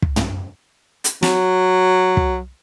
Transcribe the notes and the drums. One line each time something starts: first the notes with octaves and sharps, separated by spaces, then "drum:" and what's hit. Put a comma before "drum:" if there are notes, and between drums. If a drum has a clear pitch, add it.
drum: kick
drum: tom
drum: hi-hat
F#3, drum: snare
drum: kick